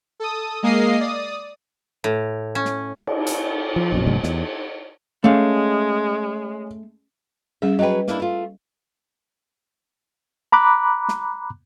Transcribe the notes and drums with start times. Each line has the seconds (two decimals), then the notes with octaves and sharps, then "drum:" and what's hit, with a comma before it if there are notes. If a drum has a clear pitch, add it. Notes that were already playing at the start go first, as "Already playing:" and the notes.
0.20 A4 D#6
0.63 G#3 A#3 D#5 F5 D#6 C7
1.00 D5 D#6
2.04 A2
2.55 C#4
2.65 drum: snare
3.07 drum: cymbal
3.27 drum: hi-hat
3.76 F3
3.92 A#1 F#2 B2
4.07 F1 A#2 D3 G3
4.23 E2, drum: snare
5.24 G#3 A3 C#4 F5
7.62 G3 C#4 G#4 E5
7.79 F#3 G#4 B4 D#5 G5
8.08 A#3 D4 E4, drum: snare
8.20 A3 F4
10.52 A#5 B5 D6 F#6
11.08 drum: snare